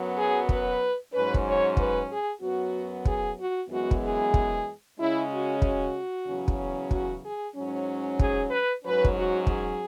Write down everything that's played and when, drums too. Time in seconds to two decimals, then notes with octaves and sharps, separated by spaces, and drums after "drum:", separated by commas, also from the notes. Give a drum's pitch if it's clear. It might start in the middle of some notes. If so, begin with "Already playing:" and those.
Already playing: F#2 F#3 B3
0.16 G#4
0.49 B4, drum: kick
1.12 G#2 F#3 C#4 B4
1.34 drum: kick
1.45 C#5
1.77 B4, drum: kick
2.09 G#4
2.41 F#2 F#3 B3 F#4
3.05 G#4, drum: kick
3.37 F#4
3.69 F#2 E3 G#3 B3 F#4
3.91 drum: kick
4.02 G#4
4.34 drum: kick
4.98 C#3 G#3 C#4 E4
5.31 F#4
5.62 F#4, drum: kick
6.26 E2 C#3 F#3 C#4
6.48 drum: kick
6.91 F#4, drum: kick
7.22 G#4
7.55 G#2 F#3 C#4
8.19 G#4, drum: kick
8.51 B4
8.83 G#2 F#3 C#4 B4
9.05 drum: kick
9.15 F#4
9.47 G#4, drum: kick